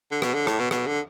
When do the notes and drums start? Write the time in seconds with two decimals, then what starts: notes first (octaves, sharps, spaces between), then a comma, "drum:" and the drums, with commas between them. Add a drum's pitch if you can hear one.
0.11 D3
0.22 B2, drum: rim click
0.34 D3
0.47 A2, drum: rim click
0.59 B2
0.71 B2, drum: rim click
0.87 D3